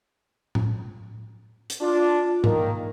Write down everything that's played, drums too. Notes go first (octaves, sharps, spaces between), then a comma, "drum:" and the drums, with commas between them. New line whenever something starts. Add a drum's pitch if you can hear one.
drum: tom A2
drum: hi-hat
D4 F4
D#3 A#3, drum: tom G#2